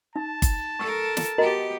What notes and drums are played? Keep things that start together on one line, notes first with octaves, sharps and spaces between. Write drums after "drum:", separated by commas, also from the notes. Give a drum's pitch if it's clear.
D#4 A5
drum: kick G1, hi-hat
A4 A#4 C#6 E6
drum: snare
B3 F#4 G4 A#4 D#5 A#5